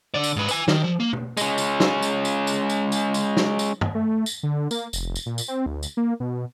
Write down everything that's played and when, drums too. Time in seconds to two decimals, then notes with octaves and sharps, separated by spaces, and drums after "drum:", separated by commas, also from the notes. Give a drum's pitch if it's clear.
0.14 D3 D5
0.24 drum: tambourine
0.36 G#2 B4
0.48 B4 G#5, drum: tambourine
0.68 D#3, drum: snare
0.84 F3
1.00 A#3
1.13 drum: tom
1.37 G#3 C#4, drum: tambourine
1.58 drum: tambourine
1.80 drum: snare
2.02 drum: tambourine
2.25 drum: tambourine
2.47 drum: tambourine
2.70 drum: tambourine
2.92 drum: tambourine
3.14 drum: tambourine
3.37 drum: snare
3.59 drum: tambourine
3.81 drum: tom
3.95 A3
4.26 drum: tambourine
4.43 D3
4.71 A#3, drum: tambourine
4.93 F1, drum: tambourine
5.16 drum: tambourine
5.26 A#2
5.38 drum: tambourine
5.48 C4
5.66 D2
5.83 drum: tambourine
5.97 A#3
6.20 B2